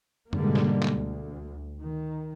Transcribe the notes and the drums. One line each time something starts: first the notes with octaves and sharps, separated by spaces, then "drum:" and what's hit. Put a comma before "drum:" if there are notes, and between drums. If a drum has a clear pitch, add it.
G#2 B2 D3 G3 G#3 A#3, drum: tom F#2
drum: snare
drum: clap
D2
D#3